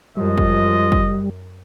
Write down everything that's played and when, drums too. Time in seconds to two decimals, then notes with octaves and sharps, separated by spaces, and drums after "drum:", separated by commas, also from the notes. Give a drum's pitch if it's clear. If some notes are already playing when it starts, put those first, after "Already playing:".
0.17 F#2 F3 G3 G#3 F4 D#5
0.38 drum: kick
0.92 drum: kick